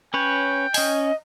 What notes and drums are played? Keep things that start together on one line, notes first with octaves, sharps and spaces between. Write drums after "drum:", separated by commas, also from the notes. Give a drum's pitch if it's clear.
C#4 B4 C#5 G5
C#4 D#5 G#5, drum: open hi-hat